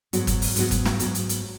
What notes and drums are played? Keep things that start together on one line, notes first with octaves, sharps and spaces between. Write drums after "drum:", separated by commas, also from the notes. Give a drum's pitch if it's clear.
G#2 F#3 B3 F#4, drum: hi-hat
drum: kick, hi-hat
drum: open hi-hat
G#2 F#3 B3 F#4, drum: hi-hat
drum: kick, hi-hat
drum: snare
G#2 F#3 B3 F#4, drum: hi-hat
drum: hi-hat
drum: hi-hat